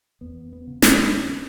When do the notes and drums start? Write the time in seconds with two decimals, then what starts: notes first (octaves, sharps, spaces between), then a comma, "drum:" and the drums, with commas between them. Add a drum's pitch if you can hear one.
0.21 E2 B3
0.53 B3
0.67 C#3
0.82 G#3, drum: snare
1.12 D#2 C#4